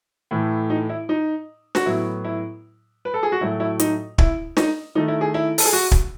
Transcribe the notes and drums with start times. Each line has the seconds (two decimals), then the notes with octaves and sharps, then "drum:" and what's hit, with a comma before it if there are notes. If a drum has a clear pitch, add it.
0.31 A2 E3 A3
0.70 D#4
0.89 E4
1.09 D#4
1.75 F#4, drum: snare
1.86 A2 F#3 B3 E4
2.24 E4
3.05 B4
3.14 A4
3.23 G#4
3.32 F#4
3.41 A2 F#3 A3 E4
3.60 E4
3.80 D#4, drum: hi-hat
4.18 E4, drum: kick
4.57 D#4, drum: snare
4.95 D#3 A3 D#4
5.08 E4
5.21 G#4
5.34 E4
5.58 A4, drum: open hi-hat
5.65 G#4
5.73 F#4
5.91 drum: kick